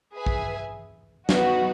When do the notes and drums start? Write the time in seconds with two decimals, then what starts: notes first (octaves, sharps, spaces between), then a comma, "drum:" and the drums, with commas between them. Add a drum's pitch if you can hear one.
0.16 G#4 B4 E5 G#5
0.26 drum: kick
1.29 B3 D#4 F#4 B4, drum: snare